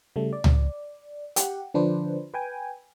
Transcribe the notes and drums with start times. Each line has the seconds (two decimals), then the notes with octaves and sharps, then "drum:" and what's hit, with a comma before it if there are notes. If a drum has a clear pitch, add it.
0.16 C#3 G3 A3
0.33 D5
0.44 drum: tom C#2
1.36 G4 F#5, drum: hi-hat
1.74 D3 F3 D4 B4 C5
2.34 B4 G5 G#5